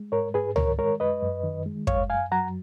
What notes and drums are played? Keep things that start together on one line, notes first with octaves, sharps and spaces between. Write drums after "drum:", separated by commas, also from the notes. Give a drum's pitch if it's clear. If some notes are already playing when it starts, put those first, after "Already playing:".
Already playing: G#3
G#2 A#4 C#5
G#2 G#4 B4
D#3 A#4 C#5, drum: tom C#2
G#3 A#4 C#5
F#2 B4 D#5
F#2
D#3
G#3
F#2 C#5 F5, drum: kick
F#2 F5 G#5
F#3 F#5 A#5